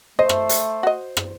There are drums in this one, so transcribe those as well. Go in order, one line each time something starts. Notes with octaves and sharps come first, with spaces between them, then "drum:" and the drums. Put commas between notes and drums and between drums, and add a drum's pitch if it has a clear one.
A3 C5 D#5
drum: rim click
drum: hi-hat
F#4 D#5
drum: rim click